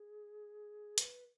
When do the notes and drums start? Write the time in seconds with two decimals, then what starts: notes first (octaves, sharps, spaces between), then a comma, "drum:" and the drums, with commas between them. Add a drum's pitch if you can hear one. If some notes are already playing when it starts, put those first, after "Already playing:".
Already playing: G#4
0.98 B4, drum: hi-hat